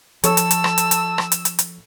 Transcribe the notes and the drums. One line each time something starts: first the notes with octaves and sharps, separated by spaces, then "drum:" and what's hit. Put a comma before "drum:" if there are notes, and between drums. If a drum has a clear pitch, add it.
F3 A4 C#5 A5 E6, drum: hi-hat
drum: hi-hat
drum: hi-hat
drum: rim click
drum: hi-hat
drum: hi-hat
drum: rim click
drum: hi-hat
drum: hi-hat
drum: hi-hat